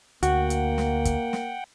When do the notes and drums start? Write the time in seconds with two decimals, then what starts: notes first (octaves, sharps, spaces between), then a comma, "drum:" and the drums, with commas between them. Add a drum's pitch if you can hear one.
0.23 D2 A#3 F#4 F#5 G5, drum: hi-hat
0.50 drum: hi-hat
0.78 drum: snare
1.05 drum: kick, hi-hat
1.33 drum: snare